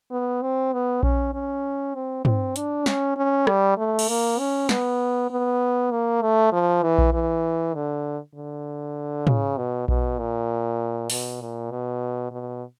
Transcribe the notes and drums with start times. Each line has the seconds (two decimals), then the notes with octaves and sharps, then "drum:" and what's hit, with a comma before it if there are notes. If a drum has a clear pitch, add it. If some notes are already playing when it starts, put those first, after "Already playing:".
0.11 B3
0.42 C4
0.73 B3
1.03 C#4, drum: kick A#1
1.34 C#4
1.94 C4
2.25 C4, drum: tom
2.56 D4, drum: hi-hat
2.86 C#4, drum: snare
3.16 C#4
3.47 G3, drum: rim click
3.78 A3
3.99 drum: cymbal
4.09 A#3
4.39 C#4
4.69 B3, drum: snare
5.31 B3
5.91 A#3
6.22 A3
6.53 F3
6.83 E3
6.98 drum: kick A#1
7.13 E3
7.74 D3
8.35 D3
9.27 C#3, drum: tom
9.57 B2
9.88 B2, drum: kick A#1
10.19 A#2
11.10 B2, drum: open hi-hat
11.41 A#2
11.71 B2
12.31 B2